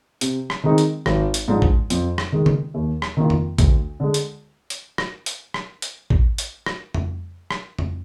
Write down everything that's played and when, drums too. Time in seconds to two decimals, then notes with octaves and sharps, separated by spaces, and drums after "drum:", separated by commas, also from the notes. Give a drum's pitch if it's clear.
0.21 C3, drum: hi-hat
0.50 drum: rim click
0.64 D#3 G#3 C4 D#4
0.78 drum: hi-hat
1.06 G#1, drum: rim click
1.34 drum: hi-hat
1.48 G#2 F3 G#3 D4
1.62 drum: kick
1.90 F2, drum: hi-hat
2.18 drum: rim click
2.32 D#3 G#3
2.46 drum: tom C#3
2.74 D#2
3.02 drum: rim click
3.17 D#3 A#3 F4
3.30 drum: tom F2
3.58 D2, drum: kick, hi-hat
4.00 D3 G#3
4.14 drum: hi-hat
4.70 drum: hi-hat
4.98 drum: rim click
5.26 drum: hi-hat
5.54 drum: rim click
5.82 drum: hi-hat
6.10 drum: kick
6.38 drum: hi-hat
6.66 drum: rim click
6.94 drum: tom F2
7.51 drum: rim click
7.79 drum: tom F2